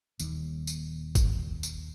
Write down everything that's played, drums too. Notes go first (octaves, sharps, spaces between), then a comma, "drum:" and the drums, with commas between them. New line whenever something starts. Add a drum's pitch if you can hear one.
D#1 D#2, drum: tambourine
drum: tambourine
drum: kick G1, tambourine
drum: tambourine